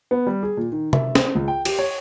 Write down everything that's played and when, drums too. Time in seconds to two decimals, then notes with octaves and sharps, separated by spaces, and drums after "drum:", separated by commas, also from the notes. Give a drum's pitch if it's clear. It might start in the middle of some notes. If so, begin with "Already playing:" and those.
0.11 B3
0.27 G3
0.43 G#4
0.57 A#2
0.72 D#3
0.93 E5, drum: tom C3
1.15 C5, drum: snare
1.35 C#2
1.48 G5
1.65 G4, drum: cymbal
1.79 C#5